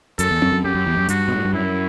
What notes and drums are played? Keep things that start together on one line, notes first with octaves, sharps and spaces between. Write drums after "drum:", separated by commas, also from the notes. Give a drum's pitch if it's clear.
F#2 A4, drum: hi-hat
E2
F#2, drum: tom C4
F#2
F#2 G4
F#2
E2
F#2
G2 F#4, drum: hi-hat
B2
A2
G2
F#2 E4